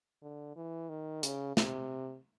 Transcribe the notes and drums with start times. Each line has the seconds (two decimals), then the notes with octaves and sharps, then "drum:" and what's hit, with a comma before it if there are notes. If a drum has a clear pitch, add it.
0.23 D3
0.56 E3
0.90 D#3
1.23 C#3, drum: hi-hat
1.57 C3, drum: snare